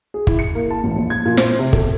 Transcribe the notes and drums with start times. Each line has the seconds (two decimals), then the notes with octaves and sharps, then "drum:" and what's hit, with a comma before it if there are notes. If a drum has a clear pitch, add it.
0.14 G#4
0.27 E4, drum: kick
0.39 C#7
0.55 A#3
0.71 A5
0.84 A1
0.96 A#1
1.10 G#6
1.25 A#2
1.37 C5, drum: snare
1.59 C3
1.73 A4, drum: kick